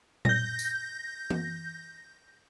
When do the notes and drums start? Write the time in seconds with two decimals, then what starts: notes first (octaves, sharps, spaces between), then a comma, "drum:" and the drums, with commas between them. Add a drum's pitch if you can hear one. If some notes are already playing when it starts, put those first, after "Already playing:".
0.25 G6 A#6, drum: tom A#2
0.59 drum: tambourine
1.30 drum: tom E3